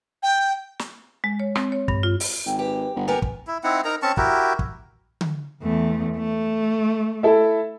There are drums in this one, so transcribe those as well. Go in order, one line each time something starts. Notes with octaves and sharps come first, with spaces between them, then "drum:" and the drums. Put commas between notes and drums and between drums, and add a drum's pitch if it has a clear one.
G5
drum: snare
G#3
C#5
C4, drum: rim click
C#5
G2, drum: kick
F4
drum: open hi-hat
G#1 G5
G4 B4
G1 F#5
B3 G4 A#4 G#5
drum: kick
E4
C4 D#4 E4 F#5
D#4 A#4 A#5
C4 C#4 A5 C#6
E4 F#4 G4 A#4, drum: kick
drum: kick
drum: tom D3
E2 A3
A3
E4 A4 E5